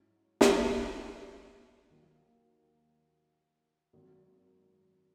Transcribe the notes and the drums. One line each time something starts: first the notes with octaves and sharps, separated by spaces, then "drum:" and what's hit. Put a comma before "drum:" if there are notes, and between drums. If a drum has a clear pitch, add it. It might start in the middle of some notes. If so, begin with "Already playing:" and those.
Already playing: G#2 F#3 C#4 E4
drum: snare
D#2 D#3 F#3 A#3
G#1 F#2 D#3